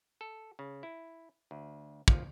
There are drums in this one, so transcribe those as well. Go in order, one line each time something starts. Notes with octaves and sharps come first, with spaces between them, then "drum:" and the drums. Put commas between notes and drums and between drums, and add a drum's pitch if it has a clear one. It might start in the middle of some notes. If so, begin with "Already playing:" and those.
A4
C#3
E4
D2
F3, drum: kick